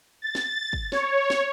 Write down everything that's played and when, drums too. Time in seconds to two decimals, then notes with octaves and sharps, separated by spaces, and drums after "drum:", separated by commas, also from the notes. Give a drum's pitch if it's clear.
0.22 A6
0.35 drum: snare
0.73 drum: kick
0.92 C#5, drum: snare
1.30 drum: snare